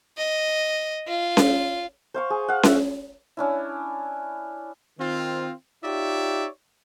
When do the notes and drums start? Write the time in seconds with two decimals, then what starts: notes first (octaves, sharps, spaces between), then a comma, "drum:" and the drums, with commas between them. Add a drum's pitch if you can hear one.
0.18 D#5
1.07 F4
1.37 drum: snare C#4
2.14 C5 F5 C#6
2.30 G#4
2.48 F5 F#5
2.63 E5, drum: snare C#4
3.37 C#4 D4 E4
4.99 D#3 C4 F4
5.83 D#4 F4 G4 C#5 D5 E5